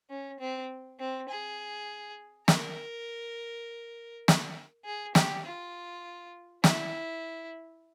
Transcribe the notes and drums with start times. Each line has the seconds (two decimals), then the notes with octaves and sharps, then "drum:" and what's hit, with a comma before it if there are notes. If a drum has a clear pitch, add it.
0.10 C#4
0.40 C4
0.99 C4
1.29 G#4
2.48 A#4, drum: snare
4.28 drum: snare
4.85 G#4
5.15 G4, drum: snare
5.45 F4
6.64 E4, drum: snare